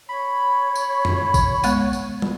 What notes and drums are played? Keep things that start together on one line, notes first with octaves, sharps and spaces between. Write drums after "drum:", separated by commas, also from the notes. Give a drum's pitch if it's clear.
C#5 B5
drum: tambourine
drum: tom
drum: kick, tambourine
G#3 B3 F#5, drum: tambourine
drum: tambourine
drum: tom